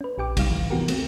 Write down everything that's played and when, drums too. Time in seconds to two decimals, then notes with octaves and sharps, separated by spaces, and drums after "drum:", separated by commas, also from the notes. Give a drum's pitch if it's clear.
0.01 C#4 B4
0.18 A#1 G4 G5 D6
0.37 C3 G3 D#4 F5, drum: kick, cymbal
0.50 D2 G#2 E3
0.70 C3 E3 B3 F#4 G4 A#4
0.88 A3 C4, drum: cymbal